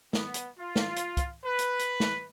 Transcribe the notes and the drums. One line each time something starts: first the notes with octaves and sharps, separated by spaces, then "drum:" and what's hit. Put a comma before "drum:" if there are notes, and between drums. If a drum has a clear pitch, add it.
B3, drum: snare
drum: hi-hat
F4
drum: snare
drum: hi-hat
drum: kick, hi-hat
B4
drum: hi-hat
drum: hi-hat
drum: snare